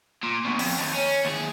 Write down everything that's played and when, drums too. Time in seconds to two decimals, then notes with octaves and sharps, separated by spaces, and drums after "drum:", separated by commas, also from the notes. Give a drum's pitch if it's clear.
0.23 A#2
0.45 D2 B2
0.59 F2, drum: open hi-hat
0.79 D#2
0.94 C#4
1.25 D#2 G#4